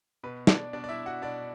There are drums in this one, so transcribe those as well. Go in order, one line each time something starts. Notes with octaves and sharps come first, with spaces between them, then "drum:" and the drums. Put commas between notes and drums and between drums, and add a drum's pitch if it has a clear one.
B2 B4
D4 D5, drum: snare
B2 D4 D5
D5
E4 E5
F#4 F#5
B2 D4 D5